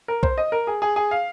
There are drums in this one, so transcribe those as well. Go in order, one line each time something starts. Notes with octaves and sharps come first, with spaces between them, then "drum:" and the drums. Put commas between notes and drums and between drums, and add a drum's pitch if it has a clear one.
A#4
C5, drum: kick B1
D#5
A#4
G#4
G#4
G#4
F5